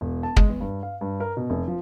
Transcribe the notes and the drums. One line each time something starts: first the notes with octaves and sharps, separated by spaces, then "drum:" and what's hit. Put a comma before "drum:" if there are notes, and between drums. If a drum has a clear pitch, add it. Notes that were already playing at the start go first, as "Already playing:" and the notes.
E1
A5
G#3, drum: kick
E2
G2
F5
G2
A#4
B2
F1
F3